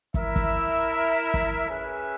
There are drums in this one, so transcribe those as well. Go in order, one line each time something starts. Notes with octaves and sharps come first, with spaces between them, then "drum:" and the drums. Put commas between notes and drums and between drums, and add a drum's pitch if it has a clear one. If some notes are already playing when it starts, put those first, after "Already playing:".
E4 A#4 E5, drum: kick
drum: kick
drum: kick
C#4 G#4 B4 E5